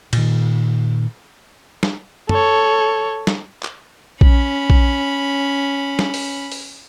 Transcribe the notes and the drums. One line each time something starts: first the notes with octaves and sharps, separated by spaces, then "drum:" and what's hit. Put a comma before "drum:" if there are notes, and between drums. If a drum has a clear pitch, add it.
A#2 D#3, drum: cymbal
drum: snare
A4 C#5, drum: tom
drum: snare
drum: clap
C#4 B5, drum: kick A#1
drum: kick A#1
drum: snare
drum: open hi-hat
drum: open hi-hat